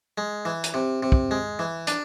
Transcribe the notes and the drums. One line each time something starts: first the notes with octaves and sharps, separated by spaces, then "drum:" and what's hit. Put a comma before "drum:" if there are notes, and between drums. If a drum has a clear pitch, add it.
G#3
E3
drum: hi-hat
C3
C3
drum: kick
G#3
E3
D4, drum: hi-hat